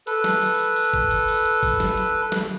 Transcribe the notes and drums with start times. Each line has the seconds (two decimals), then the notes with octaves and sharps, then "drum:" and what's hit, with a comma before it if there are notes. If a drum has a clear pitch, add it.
0.07 A4 B4, drum: hi-hat
0.24 drum: snare
0.41 drum: open hi-hat
0.59 drum: open hi-hat
0.76 drum: open hi-hat
0.93 drum: kick G#1, hi-hat
1.11 drum: open hi-hat
1.28 drum: open hi-hat
1.45 drum: hi-hat
1.63 drum: kick G#1, open hi-hat
1.80 drum: snare
1.97 drum: hi-hat
2.32 drum: snare